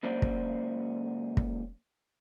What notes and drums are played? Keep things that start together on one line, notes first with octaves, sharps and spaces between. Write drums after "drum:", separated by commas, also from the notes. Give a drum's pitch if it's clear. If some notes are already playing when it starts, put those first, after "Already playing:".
C#2 F#3 A#3 C#4 C5 D5
drum: kick
drum: kick